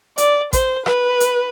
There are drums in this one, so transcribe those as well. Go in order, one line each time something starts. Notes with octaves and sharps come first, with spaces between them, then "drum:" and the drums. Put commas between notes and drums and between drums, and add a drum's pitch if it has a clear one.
D5, drum: hi-hat
C5, drum: kick A1, hi-hat
B4, drum: rim click
drum: hi-hat